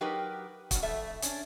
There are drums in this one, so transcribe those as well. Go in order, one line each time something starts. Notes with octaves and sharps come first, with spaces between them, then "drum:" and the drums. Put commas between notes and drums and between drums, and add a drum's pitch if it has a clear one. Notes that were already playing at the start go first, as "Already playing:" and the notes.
F#3 D#4 G4 A#4 B4
G2 F#4, drum: kick, hi-hat
F2 A3 E5
C#4 D4, drum: hi-hat